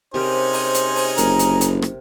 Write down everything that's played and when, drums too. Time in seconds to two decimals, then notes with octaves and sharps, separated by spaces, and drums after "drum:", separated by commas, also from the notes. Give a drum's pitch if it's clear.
0.14 C3 C#4 D#4 G4 G#4 A#4 C5
0.53 drum: open hi-hat
0.74 drum: hi-hat
0.96 drum: open hi-hat
1.18 F#1 A#4 A#5, drum: hi-hat
1.39 drum: hi-hat
1.61 drum: hi-hat
1.82 drum: rim click